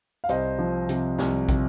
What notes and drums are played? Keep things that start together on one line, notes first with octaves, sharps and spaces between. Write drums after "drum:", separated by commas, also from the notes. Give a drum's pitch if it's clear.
F5
C2 C5 D#5, drum: hi-hat
F3
C3, drum: hi-hat
C2, drum: snare
C3, drum: kick, hi-hat